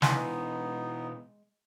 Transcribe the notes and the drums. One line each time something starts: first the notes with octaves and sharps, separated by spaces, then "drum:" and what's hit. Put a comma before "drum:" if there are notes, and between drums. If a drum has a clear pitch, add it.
B2 E3 G#3 B3 D#4 G#5, drum: snare